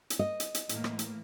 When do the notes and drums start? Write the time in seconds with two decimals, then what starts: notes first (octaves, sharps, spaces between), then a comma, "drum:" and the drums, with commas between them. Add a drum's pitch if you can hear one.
0.10 drum: hi-hat
0.19 D#5
0.40 drum: hi-hat
0.54 drum: hi-hat
0.69 A2 E3 A#3, drum: hi-hat
0.84 drum: rim click
0.99 drum: hi-hat